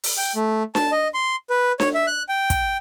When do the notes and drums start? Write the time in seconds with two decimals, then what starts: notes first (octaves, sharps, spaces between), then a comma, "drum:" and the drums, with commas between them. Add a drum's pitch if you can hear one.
0.03 drum: open hi-hat
0.18 G5
0.35 A3
0.75 A5, drum: snare D4
0.92 D#5
1.14 C6
1.50 B4
1.80 C#5, drum: snare D4
1.95 E5
2.07 F#6
2.29 G5
2.50 drum: kick, hi-hat